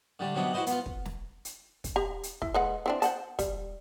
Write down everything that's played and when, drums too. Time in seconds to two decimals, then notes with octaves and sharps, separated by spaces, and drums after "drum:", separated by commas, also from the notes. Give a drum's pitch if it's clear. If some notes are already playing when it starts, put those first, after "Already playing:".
0.19 D3 G3 A3 D4
0.35 C3 F#3 B3 D4 D#4
0.53 E4 F#4 B4 C5 D#5
0.67 B3 F4, drum: hi-hat
0.86 drum: kick
1.05 drum: snare
1.45 drum: hi-hat
1.84 drum: kick, hi-hat
1.96 G4 A#5
2.23 drum: hi-hat
2.42 E4, drum: kick
2.54 G#3 B4 F#5
2.86 E3 C4 D4
3.02 C5 F#5 A5, drum: hi-hat
3.39 G3, drum: kick, hi-hat